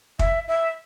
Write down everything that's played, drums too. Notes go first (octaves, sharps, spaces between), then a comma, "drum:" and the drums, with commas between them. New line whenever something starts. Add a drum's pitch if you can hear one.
E5, drum: kick
E5